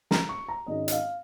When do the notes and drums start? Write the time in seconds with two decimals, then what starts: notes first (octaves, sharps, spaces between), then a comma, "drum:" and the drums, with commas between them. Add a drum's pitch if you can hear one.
0.11 A#5, drum: snare
0.29 C#6
0.48 A#5
0.67 G#1 G#2 G#3 C#4 D#5
0.88 D#5, drum: hi-hat
0.92 F5